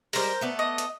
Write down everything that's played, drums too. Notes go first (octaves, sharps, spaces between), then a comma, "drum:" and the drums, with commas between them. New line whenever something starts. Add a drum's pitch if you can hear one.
G3 G#3 A#4 C5, drum: open hi-hat
A3 B3 D5
D#5
drum: hi-hat